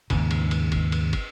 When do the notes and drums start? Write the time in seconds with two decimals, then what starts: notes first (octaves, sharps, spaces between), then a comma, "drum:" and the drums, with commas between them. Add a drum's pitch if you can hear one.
0.10 D#2 G#2 C#3, drum: kick, cymbal
0.31 drum: cymbal
0.51 drum: cymbal
0.72 drum: kick, cymbal
0.92 drum: cymbal
1.13 drum: kick, cymbal